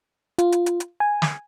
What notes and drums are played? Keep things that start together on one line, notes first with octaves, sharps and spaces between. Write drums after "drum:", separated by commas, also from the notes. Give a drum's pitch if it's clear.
F4, drum: hi-hat
drum: hi-hat
drum: hi-hat
drum: hi-hat
G#5
drum: snare